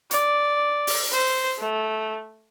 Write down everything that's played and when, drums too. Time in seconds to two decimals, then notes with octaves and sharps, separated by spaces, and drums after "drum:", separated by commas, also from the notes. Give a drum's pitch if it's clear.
0.11 D5, drum: hi-hat
0.87 drum: open hi-hat
1.11 C5
1.59 A3